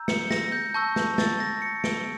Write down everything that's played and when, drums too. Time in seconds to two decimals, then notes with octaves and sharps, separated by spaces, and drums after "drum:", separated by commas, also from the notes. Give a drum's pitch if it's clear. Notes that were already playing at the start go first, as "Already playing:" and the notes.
Already playing: A#5 E6 G6
0.08 C#7, drum: snare
0.31 A#6, drum: snare
0.52 G6
0.74 A5 C#6 E6 G6
0.96 drum: snare
1.18 A6, drum: snare
1.40 A#6
1.62 C#7
1.84 D7, drum: snare